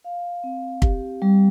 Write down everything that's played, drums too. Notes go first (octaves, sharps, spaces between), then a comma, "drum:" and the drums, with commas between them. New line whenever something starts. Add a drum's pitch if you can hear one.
F5
C4
G4, drum: kick
G3